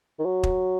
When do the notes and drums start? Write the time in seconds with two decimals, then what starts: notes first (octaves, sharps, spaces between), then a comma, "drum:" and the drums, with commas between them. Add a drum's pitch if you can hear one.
0.19 D#3
0.26 F#3
0.43 drum: kick